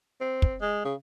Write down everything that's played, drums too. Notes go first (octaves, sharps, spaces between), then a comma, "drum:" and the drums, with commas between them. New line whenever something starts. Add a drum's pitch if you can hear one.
C4
drum: kick
G#3
C#3